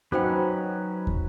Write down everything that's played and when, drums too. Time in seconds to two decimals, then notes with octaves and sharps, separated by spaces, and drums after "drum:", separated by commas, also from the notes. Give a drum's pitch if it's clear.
0.12 F#3 C#4 D#4 F#4 A4 B4 C5 G5
1.07 drum: kick